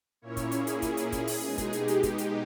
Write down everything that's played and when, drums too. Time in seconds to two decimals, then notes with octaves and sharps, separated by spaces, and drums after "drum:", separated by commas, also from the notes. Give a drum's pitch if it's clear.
0.21 A#2 A#3 C#4 E4 C#5
0.37 drum: kick, hi-hat
0.52 G#4, drum: hi-hat
0.67 drum: hi-hat
0.82 drum: kick, hi-hat
0.97 drum: hi-hat
1.12 drum: kick, hi-hat
1.27 drum: open hi-hat
1.42 B2 G#3 D#4
1.58 drum: kick, hi-hat
1.73 G4, drum: hi-hat
1.88 drum: hi-hat
2.03 drum: kick, hi-hat
2.18 drum: hi-hat